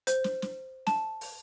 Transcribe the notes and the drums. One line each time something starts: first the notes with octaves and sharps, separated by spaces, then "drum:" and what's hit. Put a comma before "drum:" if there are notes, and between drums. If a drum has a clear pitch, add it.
C5, drum: hi-hat
drum: snare
drum: snare
A5, drum: snare
drum: open hi-hat